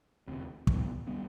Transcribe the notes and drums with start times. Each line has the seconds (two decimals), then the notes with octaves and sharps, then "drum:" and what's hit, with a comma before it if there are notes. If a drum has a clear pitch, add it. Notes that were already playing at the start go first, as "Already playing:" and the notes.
0.28 E1 D2 C3
0.67 G2 D#3 G3 B3, drum: kick
1.08 D#3 G3 B3